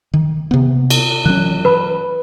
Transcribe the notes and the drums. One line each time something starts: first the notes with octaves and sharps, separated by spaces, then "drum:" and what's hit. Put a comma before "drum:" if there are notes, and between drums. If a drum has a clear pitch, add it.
D#3
C3 B3
drum: cymbal
E3 F#3 C#4 F#6
B4 B5